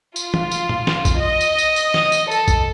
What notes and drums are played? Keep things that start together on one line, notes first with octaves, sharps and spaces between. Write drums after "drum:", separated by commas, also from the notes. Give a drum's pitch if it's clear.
F4, drum: tambourine
drum: tom
drum: tambourine
drum: tom
drum: snare
drum: kick, tambourine
D#5
drum: tambourine
drum: tambourine
drum: tambourine
drum: snare
drum: tambourine
A4, drum: tambourine
drum: kick, tambourine